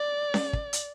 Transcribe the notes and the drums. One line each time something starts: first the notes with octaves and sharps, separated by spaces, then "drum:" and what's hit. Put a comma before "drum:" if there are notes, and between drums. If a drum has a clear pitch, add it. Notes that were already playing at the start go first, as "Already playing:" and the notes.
Already playing: D5
drum: snare C#4
drum: kick
drum: hi-hat